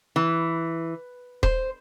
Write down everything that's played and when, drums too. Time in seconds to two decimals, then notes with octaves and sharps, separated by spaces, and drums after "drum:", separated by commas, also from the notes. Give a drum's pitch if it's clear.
0.16 E3
1.43 C5, drum: kick D#1